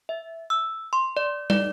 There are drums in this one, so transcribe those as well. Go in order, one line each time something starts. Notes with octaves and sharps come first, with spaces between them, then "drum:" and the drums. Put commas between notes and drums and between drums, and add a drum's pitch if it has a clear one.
E5
E6
C6
D5
D5, drum: tom